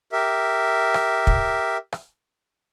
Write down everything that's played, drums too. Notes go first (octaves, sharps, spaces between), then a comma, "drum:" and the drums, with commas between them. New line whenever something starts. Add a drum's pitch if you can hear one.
G4 A#4 E5
drum: rim click
drum: kick
drum: rim click